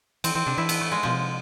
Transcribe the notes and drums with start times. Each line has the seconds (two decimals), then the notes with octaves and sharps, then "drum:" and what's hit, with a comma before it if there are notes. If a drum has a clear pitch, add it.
0.24 E3 C4, drum: cymbal
0.35 E3 C4
0.46 C3 D4
0.58 E3 E4
0.69 B3, drum: cymbal
0.81 A3
0.92 G#3
1.03 B2 F3
1.14 C3